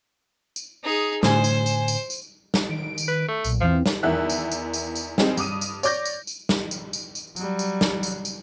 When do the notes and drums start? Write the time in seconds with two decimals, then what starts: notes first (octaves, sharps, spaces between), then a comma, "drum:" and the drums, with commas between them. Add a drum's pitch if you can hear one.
0.56 drum: tambourine
0.84 D#4 G#4
1.23 A2 D3 C5 G#5, drum: snare
1.44 drum: tambourine
1.66 drum: tambourine
1.88 drum: tambourine
2.10 drum: tambourine
2.54 drum: snare
2.69 D#3 D7
2.98 drum: tambourine
3.08 B4
3.28 A3
3.44 B1 A#2, drum: tambourine
3.60 E2 E3 F3 C4
3.86 drum: snare
4.03 E2 D#3 E3 E5 F#6
4.30 drum: tambourine
4.52 drum: tambourine
4.73 drum: tambourine
4.95 drum: tambourine
5.18 G3 C4 D#4 G#4, drum: snare
5.37 G2 D6 D#6 D#7, drum: tambourine
5.61 drum: tambourine
5.83 C#5 D5 D6 G6 A#6, drum: tambourine
6.05 drum: tambourine
6.27 drum: tambourine
6.49 drum: snare
6.71 drum: tambourine
6.93 drum: tambourine
7.15 drum: tambourine
7.36 F#3 G3, drum: tambourine
7.59 drum: tambourine
7.81 drum: snare
8.03 drum: tambourine
8.25 drum: tambourine